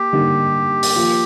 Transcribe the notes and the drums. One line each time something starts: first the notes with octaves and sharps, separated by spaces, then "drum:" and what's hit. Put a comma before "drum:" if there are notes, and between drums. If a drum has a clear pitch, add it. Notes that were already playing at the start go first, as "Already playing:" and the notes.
Already playing: A#3 G4
D3 G3 A#3 D#4
drum: open hi-hat
F3 A#3 F4